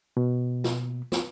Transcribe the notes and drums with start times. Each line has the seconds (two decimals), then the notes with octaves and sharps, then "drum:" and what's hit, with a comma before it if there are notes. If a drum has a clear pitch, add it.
0.17 B2
0.64 drum: snare
1.12 drum: snare